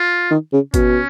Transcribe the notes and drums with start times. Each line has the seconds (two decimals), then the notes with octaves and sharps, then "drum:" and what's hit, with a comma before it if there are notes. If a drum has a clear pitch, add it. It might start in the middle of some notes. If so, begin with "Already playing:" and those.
Already playing: F4
0.31 D#3
0.53 C#3
0.74 B2 C#4, drum: kick G#1, hi-hat